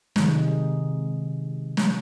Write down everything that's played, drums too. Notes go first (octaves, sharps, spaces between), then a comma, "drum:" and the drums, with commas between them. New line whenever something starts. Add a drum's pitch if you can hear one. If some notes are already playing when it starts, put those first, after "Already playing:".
C3 D#3 G#3, drum: snare
drum: snare